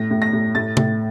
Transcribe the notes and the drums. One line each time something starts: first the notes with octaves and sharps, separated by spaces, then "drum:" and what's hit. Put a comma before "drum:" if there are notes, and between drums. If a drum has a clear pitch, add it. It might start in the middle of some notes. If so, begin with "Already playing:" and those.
Already playing: A2 A#6
A2
A#6
A2
A2 A6
A2, drum: tom C3